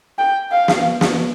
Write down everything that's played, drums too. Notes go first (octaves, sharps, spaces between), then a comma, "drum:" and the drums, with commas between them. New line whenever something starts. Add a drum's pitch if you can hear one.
G5
F5
drum: snare
drum: snare